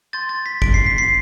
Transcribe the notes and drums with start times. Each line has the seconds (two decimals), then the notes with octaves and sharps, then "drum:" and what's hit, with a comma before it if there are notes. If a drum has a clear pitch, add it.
0.13 C6 G6 A6
0.29 A6
0.46 B6
0.62 D7, drum: kick G1
0.74 C7
0.86 B6
0.98 C7